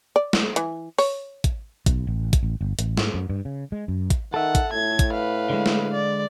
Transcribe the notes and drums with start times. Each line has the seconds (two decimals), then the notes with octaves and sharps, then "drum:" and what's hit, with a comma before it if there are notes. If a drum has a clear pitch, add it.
0.16 D5
0.33 drum: snare
0.56 E3, drum: hi-hat
0.99 C#5, drum: open hi-hat
1.44 drum: kick, hi-hat
1.86 B1, drum: kick, hi-hat
2.07 A1
2.33 drum: kick, hi-hat
2.43 A1
2.61 G1
2.79 A1, drum: hi-hat
2.97 G#2, drum: snare
3.14 F#2
3.30 G2
3.45 C#3
3.72 G#3
3.88 F#2
4.10 drum: kick, hi-hat
4.34 D#3 A4 E5 F#5
4.55 drum: kick, hi-hat
4.73 A2 G#6
4.99 drum: kick, hi-hat
5.12 B4 F5
5.50 D3 G#3
5.66 drum: snare
5.94 D5